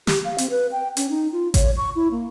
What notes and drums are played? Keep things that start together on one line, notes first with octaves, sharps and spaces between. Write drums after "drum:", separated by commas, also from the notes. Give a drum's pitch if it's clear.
G4, drum: snare
F5
C4, drum: hi-hat
B4
G5
C#4, drum: hi-hat
D#4
F4
C#5, drum: kick A1, hi-hat
C#6
E4
A#3